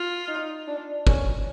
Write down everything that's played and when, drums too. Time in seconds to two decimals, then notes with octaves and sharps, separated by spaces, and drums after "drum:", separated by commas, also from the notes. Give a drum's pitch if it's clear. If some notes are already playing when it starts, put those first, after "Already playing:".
Already playing: F4
0.28 D#4
0.68 D4
1.07 C#4, drum: kick